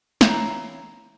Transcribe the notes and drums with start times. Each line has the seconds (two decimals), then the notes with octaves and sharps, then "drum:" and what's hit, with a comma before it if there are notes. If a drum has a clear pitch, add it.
0.21 E3 C4 C#5 F5 A#5, drum: snare